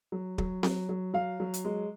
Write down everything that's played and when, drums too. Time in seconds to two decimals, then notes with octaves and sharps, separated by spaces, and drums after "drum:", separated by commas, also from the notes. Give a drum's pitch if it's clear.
0.12 F#3
0.38 F#3, drum: kick
0.63 F#3, drum: snare C4
0.89 F#3
1.14 F#3 F5
1.40 F#3
1.54 drum: hi-hat
1.65 G#3